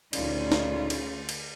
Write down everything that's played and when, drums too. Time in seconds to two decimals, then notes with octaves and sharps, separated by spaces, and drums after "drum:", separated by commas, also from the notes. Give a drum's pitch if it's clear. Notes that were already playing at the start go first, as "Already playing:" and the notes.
0.13 D2 A#2 C#3 D#4 F4 D5, drum: cymbal
0.52 drum: snare
0.90 drum: cymbal
1.29 drum: cymbal